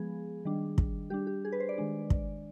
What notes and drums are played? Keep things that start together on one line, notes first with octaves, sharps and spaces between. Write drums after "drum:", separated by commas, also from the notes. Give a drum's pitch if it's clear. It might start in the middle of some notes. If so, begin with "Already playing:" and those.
Already playing: F3 G#3 B3 G#4
D#3 G3 D4
drum: kick
G3 D4 G4
G4
G#4
B4
C5
D5
D#3 G#3 D4
drum: kick